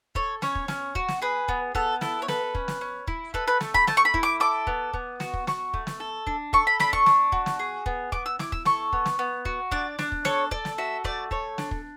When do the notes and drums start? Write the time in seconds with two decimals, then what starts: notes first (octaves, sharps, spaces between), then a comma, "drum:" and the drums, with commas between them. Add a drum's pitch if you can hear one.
0.15 A4 C#5, drum: kick
0.42 C#4 C#5, drum: snare
0.55 drum: kick
0.68 C#4, drum: snare
0.95 F#4, drum: kick
1.08 drum: snare
1.22 G#4 B4
1.48 B3, drum: kick
1.75 B3 A4, drum: kick
2.01 E4 A4, drum: snare
2.22 C#5
2.28 A4 B4, drum: snare
2.55 C#4, drum: kick
2.68 drum: snare
2.81 C#4
3.07 E4, drum: kick
3.34 A4 B4, drum: kick
3.47 B4
3.61 A3, drum: snare
3.74 B5, drum: kick
3.87 A3 A5, drum: snare
3.97 C#6
4.05 B5
4.14 E4, drum: kick
4.23 D6
4.40 A4 D6
4.67 B3, drum: kick
4.94 B3, drum: kick
5.20 F#4, drum: snare
5.34 drum: kick
5.47 F#4 C#6, drum: snare
5.74 A3, drum: kick
5.87 drum: snare
6.00 A4
6.27 D4, drum: kick
6.53 A4 C#6, drum: kick
6.67 B5
6.80 D4 B5, drum: snare
6.93 C#6, drum: kick
7.06 D4, drum: snare
7.32 F#4, drum: kick
7.46 drum: snare
7.59 G#4
7.86 B3, drum: kick
8.12 B3 D6, drum: kick
8.26 E6
8.39 E4 D6, drum: snare
8.52 E6, drum: kick
8.65 A4 C#6, drum: snare
8.93 B3, drum: kick
9.06 drum: snare
9.19 B3
9.45 F#4, drum: kick
9.71 D4 D5, drum: kick
9.99 D4, drum: snare
10.12 drum: kick
10.25 A4 C#5, drum: snare
10.51 A4 D5, drum: kick
10.65 drum: snare
10.78 F#4 E5
11.04 A3 D5, drum: kick
11.31 A4 C#5, drum: kick
11.58 D4, drum: snare
11.71 drum: kick